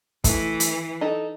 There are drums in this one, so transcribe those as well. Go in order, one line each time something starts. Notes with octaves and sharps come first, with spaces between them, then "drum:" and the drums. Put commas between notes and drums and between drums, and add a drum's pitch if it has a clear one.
E3 A3, drum: kick, hi-hat
drum: hi-hat
D#4 A4